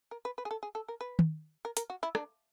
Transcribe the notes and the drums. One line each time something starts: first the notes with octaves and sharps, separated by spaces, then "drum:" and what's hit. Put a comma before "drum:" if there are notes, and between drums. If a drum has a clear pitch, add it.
A#4
B4
B4
G#4
A4
G#4
A4
A#4
B4
drum: tom D#3
A#4
A#4, drum: hi-hat
F#4
E4
D4, drum: rim click